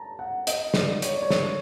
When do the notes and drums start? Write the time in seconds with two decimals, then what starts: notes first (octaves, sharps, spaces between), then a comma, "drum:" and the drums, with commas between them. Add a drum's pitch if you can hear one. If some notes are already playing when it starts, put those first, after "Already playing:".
Already playing: A5 A#5
0.19 F#5
0.47 D#5, drum: hi-hat
0.74 D5, drum: snare
1.02 C#5, drum: hi-hat
1.15 D5
1.22 C#5
1.30 C5, drum: snare